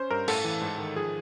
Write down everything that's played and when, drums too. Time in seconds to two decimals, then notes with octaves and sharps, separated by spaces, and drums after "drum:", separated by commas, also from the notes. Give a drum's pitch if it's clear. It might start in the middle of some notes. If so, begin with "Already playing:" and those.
Already playing: C#4 C5
0.11 G2 A#4
0.28 A2 A4, drum: cymbal
0.44 E3
0.61 G#2
0.78 D#3
0.96 F3 G#4